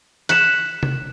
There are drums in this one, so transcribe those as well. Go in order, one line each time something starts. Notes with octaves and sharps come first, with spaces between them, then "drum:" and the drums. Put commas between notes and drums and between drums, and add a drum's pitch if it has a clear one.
F#6 B6 C#7 E7, drum: hi-hat
drum: tom C3